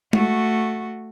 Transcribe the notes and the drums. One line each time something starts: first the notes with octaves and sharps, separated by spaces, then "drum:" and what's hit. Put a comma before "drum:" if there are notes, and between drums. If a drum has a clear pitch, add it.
A3 F#4, drum: tom G#3